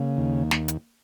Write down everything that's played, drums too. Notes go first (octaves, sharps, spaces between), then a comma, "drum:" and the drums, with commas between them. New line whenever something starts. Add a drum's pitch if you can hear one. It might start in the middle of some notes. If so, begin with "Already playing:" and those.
Already playing: C#3 A#3
D#2
drum: snare
drum: hi-hat